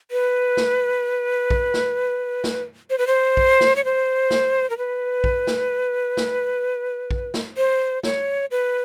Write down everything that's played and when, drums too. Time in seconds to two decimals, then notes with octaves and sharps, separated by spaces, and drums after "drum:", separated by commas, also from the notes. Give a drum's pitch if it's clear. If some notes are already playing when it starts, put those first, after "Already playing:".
0.11 B4
0.57 drum: snare
1.50 drum: kick
1.74 drum: snare
2.44 drum: snare
2.90 C5
2.98 B4
3.07 C5
3.37 drum: kick
3.61 drum: snare
3.76 C#5
3.84 C5
4.31 drum: snare
4.70 A#4
4.78 B4
5.24 drum: kick
5.47 drum: snare
6.17 drum: snare
7.11 drum: kick
7.34 drum: snare
7.57 C5
8.03 C#5, drum: snare
8.51 B4